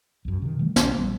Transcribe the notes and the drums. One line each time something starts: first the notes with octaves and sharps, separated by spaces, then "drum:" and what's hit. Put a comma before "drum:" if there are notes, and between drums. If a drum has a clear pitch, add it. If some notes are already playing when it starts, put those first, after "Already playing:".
B1 F#2
C3 D#3
D#3 E3 G3 A3
A#1, drum: snare
A#1 G3 B3